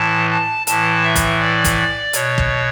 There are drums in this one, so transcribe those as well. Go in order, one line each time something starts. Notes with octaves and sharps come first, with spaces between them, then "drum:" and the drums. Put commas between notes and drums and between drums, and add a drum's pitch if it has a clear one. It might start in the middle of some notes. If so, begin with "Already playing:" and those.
Already playing: A2 E3 A5
A5
A2 E3 A5, drum: hi-hat
E5
drum: kick, hi-hat
D5
drum: kick, hi-hat
B2 C#5, drum: hi-hat
drum: kick